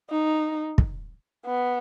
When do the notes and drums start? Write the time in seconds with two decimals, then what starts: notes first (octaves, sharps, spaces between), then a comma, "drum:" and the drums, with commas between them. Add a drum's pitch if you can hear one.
0.10 D#4
0.78 drum: kick
1.46 B3